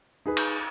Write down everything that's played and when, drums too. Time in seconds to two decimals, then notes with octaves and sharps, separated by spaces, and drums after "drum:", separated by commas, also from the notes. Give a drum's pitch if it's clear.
0.26 D#4 G#4 B4
0.37 drum: cymbal